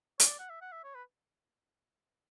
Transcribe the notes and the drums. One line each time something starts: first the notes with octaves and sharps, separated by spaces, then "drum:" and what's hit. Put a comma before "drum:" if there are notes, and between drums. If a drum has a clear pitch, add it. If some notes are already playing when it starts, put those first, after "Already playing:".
C#5, drum: hi-hat
D5
F#5
E5
F#5
E5
C#5
B4